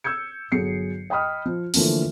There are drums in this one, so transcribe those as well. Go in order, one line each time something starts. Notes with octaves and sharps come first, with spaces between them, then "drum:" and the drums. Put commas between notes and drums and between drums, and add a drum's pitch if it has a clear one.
E6 G6 G#6 C#7
G1 F#3 G#4 C7 C#7
D#5 G5 B5 D#6 F6
F3
D3 E3 F3 A3 A#3, drum: open hi-hat